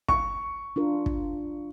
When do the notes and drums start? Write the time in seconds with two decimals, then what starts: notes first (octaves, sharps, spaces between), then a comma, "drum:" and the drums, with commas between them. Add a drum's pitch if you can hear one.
0.09 C#6, drum: kick
0.76 D4 F4 A#4
1.06 drum: kick